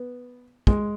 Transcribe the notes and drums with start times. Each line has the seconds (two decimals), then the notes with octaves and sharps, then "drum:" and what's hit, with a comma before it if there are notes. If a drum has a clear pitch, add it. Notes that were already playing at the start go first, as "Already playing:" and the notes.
Already playing: B3
0.67 G#3, drum: kick